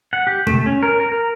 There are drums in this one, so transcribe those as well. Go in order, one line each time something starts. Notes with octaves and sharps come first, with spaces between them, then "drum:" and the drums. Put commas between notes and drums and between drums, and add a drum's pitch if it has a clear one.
F#5
G4
A3, drum: tom B2
C#4
A#4
A#4
A#4